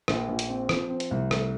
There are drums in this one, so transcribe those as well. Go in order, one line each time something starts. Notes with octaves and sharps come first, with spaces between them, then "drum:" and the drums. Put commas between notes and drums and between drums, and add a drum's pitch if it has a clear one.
A#1, drum: rim click
A#1
drum: hi-hat
C4
F3, drum: rim click
C4
drum: hi-hat
C2
A3, drum: rim click